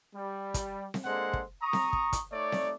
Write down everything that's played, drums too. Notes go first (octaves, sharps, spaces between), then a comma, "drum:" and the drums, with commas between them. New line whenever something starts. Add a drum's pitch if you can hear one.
G3
drum: kick, hi-hat
drum: snare C4
G#3 A#3 D4 A4 C5 F#5
drum: kick
A#5 C#6 D#6
drum: snare C4
drum: kick
drum: kick, hi-hat
A3 D#4 C#5 D5
drum: snare C4